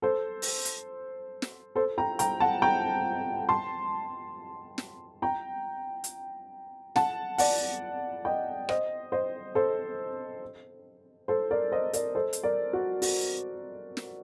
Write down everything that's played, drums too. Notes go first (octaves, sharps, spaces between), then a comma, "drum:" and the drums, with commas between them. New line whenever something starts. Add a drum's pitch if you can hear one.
A4 C5
drum: open hi-hat
drum: hi-hat
drum: snare
A4 C5
G5 A#5
G5 A#5, drum: hi-hat
F#5 A5
G5 A#5
A5 C6
drum: snare
G5 A#5
drum: hi-hat
F#5 A5, drum: snare
D5 F#5, drum: open hi-hat
D#5 G5
C5 D#5, drum: rim click
C5 D#5
A4 C5
A4 C5
A#4 D5
C5 D#5
A#4 D5, drum: hi-hat
A4 C5
drum: hi-hat
A#4 D5
F#4
F#4, drum: open hi-hat
drum: snare